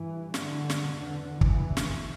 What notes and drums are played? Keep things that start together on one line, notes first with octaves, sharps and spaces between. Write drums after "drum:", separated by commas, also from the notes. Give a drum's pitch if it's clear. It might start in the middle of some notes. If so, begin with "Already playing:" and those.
Already playing: G2 E3
D3, drum: snare
drum: snare
E2 B2 D3
E3, drum: kick
drum: snare